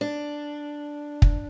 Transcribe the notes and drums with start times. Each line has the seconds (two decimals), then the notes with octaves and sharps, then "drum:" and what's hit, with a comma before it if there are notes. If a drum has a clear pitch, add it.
0.01 D4
1.22 drum: kick